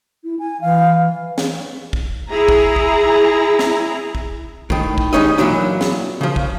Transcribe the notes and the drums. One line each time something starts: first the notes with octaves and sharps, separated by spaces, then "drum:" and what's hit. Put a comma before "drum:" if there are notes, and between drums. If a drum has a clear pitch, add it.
E4
G#5
E3 F5
drum: snare
drum: kick
E4 G#4 A#5
drum: kick
drum: kick
drum: snare
drum: kick
A2 D#3, drum: kick
drum: kick
G3 G#3 C#4 D#4 C#5 D#5
A#2 D#3 E3 F#3 D4
drum: snare
C#3 F3
drum: kick